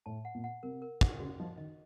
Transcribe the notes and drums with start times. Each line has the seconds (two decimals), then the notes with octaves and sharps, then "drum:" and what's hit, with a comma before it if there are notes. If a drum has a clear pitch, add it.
0.06 A2 A5
0.25 F#5
0.35 A#2
0.44 F#5
0.63 C3 A#4
0.82 A#4
1.01 F#5, drum: kick
1.20 C#3 F#4
1.40 F3 D#5
1.58 D#3 D#5